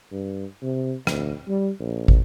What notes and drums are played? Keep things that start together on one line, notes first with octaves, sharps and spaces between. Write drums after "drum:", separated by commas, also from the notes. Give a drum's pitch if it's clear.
G2
C3
D2, drum: rim click
G3
A#1
drum: kick